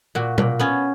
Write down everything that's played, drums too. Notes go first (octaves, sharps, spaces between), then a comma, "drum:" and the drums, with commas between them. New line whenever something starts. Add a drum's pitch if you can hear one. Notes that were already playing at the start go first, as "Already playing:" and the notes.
A#2 F#4
A#2, drum: tom
B3 C#4